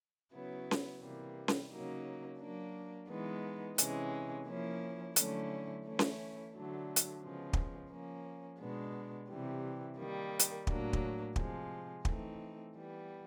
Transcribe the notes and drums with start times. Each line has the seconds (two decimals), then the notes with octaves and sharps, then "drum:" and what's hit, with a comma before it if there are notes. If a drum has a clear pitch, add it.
0.33 C#3 F#3 B3 E4
0.71 drum: snare C#4
1.01 C3 E3 G3 A#3
1.48 drum: snare C#4
1.71 C#3 F#3 A#3 D#4
2.40 F#3 A#3 D4
3.09 E3 G#3 B3 D#4
3.78 C3 E3 G#3 C#4, drum: hi-hat
4.47 F3 A#3 C#4 E4
5.16 D3 F#3 A3 C#4 E4, drum: hi-hat
5.84 E3 A3 C#4 E4
5.99 drum: snare C#4
6.54 D3 F#3 A3 D4
6.96 drum: hi-hat
7.22 C#3 F3 G#3 B3
7.53 drum: kick
7.91 F3 A#3 C#4
8.60 B2 G#3 B3 D4
9.29 C3 E3 G3
9.98 D#3 G3 A#3
10.39 drum: hi-hat
10.67 A2 F#3 A#3 D4, drum: kick
10.93 drum: kick
11.36 C3 F3 G#3, drum: kick
12.05 E3 A3 C4 D#4, drum: kick
12.74 E3 G3 B3